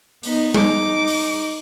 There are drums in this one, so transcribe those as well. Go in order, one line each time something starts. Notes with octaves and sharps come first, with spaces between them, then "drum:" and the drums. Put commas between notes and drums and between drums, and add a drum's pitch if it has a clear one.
B3 D#4, drum: open hi-hat
D#4 G#4 D6, drum: tom G3
drum: open hi-hat